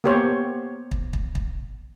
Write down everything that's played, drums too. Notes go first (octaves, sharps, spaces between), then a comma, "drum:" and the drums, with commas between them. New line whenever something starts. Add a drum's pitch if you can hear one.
A#3 B3 G4 C5 C#5
drum: kick
drum: kick
drum: kick